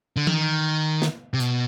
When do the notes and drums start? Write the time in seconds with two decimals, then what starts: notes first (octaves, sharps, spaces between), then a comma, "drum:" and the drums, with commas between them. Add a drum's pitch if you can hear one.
0.16 D3
0.27 D#3, drum: tom E3
1.02 drum: snare
1.34 C3
1.40 B2, drum: hi-hat